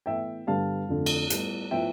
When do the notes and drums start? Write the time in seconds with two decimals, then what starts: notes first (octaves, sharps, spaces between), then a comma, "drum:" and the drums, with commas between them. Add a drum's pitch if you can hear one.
0.06 A2 E3 B3 E5 G5
0.47 G2 D3 G3 B3 F5 A5
0.89 F2 D3 A3
1.06 drum: cymbal
1.30 A2 G3 B3, drum: hi-hat
1.71 A2 F3 B3 E5 G5